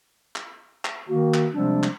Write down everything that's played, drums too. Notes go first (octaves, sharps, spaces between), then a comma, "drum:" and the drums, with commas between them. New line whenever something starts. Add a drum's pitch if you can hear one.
drum: clap
drum: clap
D#3 A#3 F#4
drum: clap
C3 F3 G3 G#3 C4 D4
drum: clap